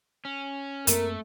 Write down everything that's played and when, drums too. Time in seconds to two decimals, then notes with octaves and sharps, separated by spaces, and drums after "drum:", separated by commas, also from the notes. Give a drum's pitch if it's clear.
0.25 C#4
0.87 F#2 A3 A#3 C4 A#4, drum: hi-hat